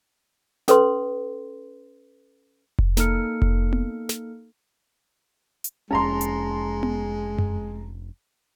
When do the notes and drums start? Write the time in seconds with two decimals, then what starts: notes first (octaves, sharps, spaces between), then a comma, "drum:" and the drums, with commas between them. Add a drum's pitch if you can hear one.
0.68 C#4 A4 B4 C6, drum: snare
2.79 drum: kick F1
2.97 A#3 D#4 A4 F6 C#7, drum: snare
3.42 drum: kick F1
3.73 drum: tom B3
4.09 drum: snare
5.64 drum: hi-hat
5.91 F1 G#3 C#4 A5 A#5 C6
6.21 drum: hi-hat
6.83 drum: tom B3
7.38 drum: tom F#2